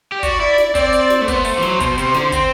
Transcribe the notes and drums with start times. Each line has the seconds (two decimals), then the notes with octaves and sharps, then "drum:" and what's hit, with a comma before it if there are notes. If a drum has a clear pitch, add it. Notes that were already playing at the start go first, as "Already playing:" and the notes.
0.12 G4
0.23 F#4 D5, drum: kick, hi-hat
0.40 E4
0.58 drum: snare
0.75 C4 D5, drum: kick, hi-hat
0.93 drum: hi-hat
1.10 drum: snare
1.21 A3
1.28 B3 C5, drum: kick, hi-hat
1.44 A3, drum: open hi-hat
1.58 E3
1.62 F#3, drum: snare
1.80 B2, drum: kick, hi-hat
1.98 C3, drum: hi-hat
2.14 D3, drum: snare
2.32 C4, drum: kick, hi-hat